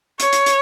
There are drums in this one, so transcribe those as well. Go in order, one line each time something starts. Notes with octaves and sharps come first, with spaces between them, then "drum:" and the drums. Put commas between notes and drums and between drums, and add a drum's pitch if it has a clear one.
C#5, drum: hi-hat
drum: hi-hat
drum: hi-hat